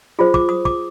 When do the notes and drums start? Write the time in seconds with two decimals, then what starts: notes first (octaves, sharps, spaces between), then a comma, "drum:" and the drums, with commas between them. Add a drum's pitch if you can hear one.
0.19 F4 G#4 C5
0.34 D6, drum: kick
0.49 D#6
0.65 D6, drum: kick